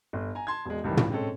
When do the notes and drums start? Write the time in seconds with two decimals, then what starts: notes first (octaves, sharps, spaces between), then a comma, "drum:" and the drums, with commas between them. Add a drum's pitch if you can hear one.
0.13 G1
0.35 G#5 A#5
0.47 A5 C6 G#6
0.66 E1 G#3
0.84 C#2 G2 D#3 E3
0.97 drum: tom
1.10 G#3 C4 C#4 A4